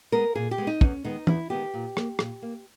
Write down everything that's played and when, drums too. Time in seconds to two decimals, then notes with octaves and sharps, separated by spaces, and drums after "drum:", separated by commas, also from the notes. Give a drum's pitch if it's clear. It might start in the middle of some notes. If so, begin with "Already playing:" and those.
0.12 G#3 B3 A#4
0.35 A#2 G#4
0.51 G4
0.58 G#3 B3
0.67 D#4
0.81 E2 C#4, drum: kick
1.05 D#3 G#3 B3 D#4
1.27 E2 E4, drum: tom
1.50 D#3 G#3 B3 G4
1.74 A#2
1.97 A#3, drum: rim click
2.19 A#2, drum: rim click
2.42 A#3